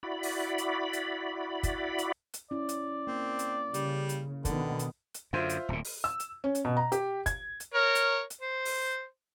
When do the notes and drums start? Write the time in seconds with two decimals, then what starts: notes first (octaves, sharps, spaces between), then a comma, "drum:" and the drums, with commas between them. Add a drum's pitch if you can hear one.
0.03 E4 F#4 D5 B5
0.23 drum: open hi-hat
0.58 drum: hi-hat
0.93 drum: hi-hat
1.63 drum: kick, hi-hat
1.98 drum: hi-hat
2.34 drum: hi-hat
2.51 C#4 E4 D5
2.69 drum: hi-hat
3.07 A#3 C4
3.39 drum: hi-hat
3.74 C#3 G3, drum: hi-hat
4.09 drum: hi-hat
4.45 B2 D3 D#3 B3, drum: kick, hi-hat
4.79 drum: hi-hat
5.14 drum: hi-hat
5.33 F#2 D3 F4 C5 E5
5.49 drum: hi-hat
5.69 D1 A#2
5.85 drum: open hi-hat
6.04 E6
6.20 drum: hi-hat
6.44 C#4
6.55 drum: hi-hat
6.65 B2
6.77 A#5
6.92 G4, drum: hi-hat
7.26 G#6, drum: kick, hi-hat
7.60 drum: hi-hat
7.74 A#4 C#5
7.95 drum: hi-hat
8.30 drum: hi-hat
8.41 C5
8.65 drum: open hi-hat